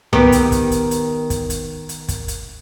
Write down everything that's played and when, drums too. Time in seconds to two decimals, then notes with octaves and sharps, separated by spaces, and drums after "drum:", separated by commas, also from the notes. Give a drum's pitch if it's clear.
0.13 D#3 B3 G4, drum: tom C2
0.32 drum: hi-hat
0.52 drum: kick, hi-hat
0.71 drum: hi-hat
0.91 drum: hi-hat
1.30 drum: kick, hi-hat
1.50 drum: hi-hat
1.89 drum: hi-hat
2.09 drum: kick, hi-hat
2.28 drum: hi-hat